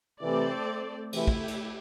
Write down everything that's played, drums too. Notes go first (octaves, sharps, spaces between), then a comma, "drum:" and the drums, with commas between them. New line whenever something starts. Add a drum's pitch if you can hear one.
C3 E3 A3 C4 A4 D5
C3 E3 A3 E4 G4, drum: cymbal
drum: kick
drum: cymbal